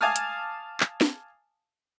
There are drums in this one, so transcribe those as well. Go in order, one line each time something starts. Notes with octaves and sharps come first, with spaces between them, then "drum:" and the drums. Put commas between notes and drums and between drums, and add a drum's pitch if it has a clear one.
F5 G#5 A5 D6 D#6 F6
drum: hi-hat
drum: clap
drum: snare